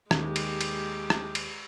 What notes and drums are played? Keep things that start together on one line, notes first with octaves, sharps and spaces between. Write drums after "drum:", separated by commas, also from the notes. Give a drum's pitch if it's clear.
D#2 G#3 G4, drum: rim click
drum: cymbal
drum: cymbal
drum: rim click
drum: cymbal